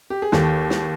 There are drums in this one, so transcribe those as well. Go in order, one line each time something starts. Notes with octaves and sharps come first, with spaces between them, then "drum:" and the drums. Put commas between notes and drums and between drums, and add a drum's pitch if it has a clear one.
G4
G#4
D#2 G4 A4, drum: snare
drum: snare